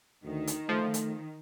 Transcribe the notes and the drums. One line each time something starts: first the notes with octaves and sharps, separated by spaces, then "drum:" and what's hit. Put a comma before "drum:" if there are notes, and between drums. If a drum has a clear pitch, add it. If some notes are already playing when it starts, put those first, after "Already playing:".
D2 D#3
drum: hi-hat
F3 A3
drum: hi-hat